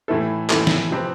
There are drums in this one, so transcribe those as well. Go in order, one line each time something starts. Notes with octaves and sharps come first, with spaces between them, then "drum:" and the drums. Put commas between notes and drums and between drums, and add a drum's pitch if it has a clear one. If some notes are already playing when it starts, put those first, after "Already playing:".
A2 E3 A3 E4 A4
A2 E3 A3 E4 A4, drum: clap
drum: snare
C3 F3 C4 G4 B4